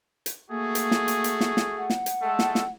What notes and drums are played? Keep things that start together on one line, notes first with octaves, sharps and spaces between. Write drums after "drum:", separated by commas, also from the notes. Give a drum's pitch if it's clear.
drum: hi-hat
A3 A#3 F#4 G#4
drum: hi-hat
drum: snare
drum: hi-hat
drum: hi-hat
drum: snare
drum: snare
F#5
drum: snare
drum: hi-hat
G#3 A3 A4
drum: snare
drum: snare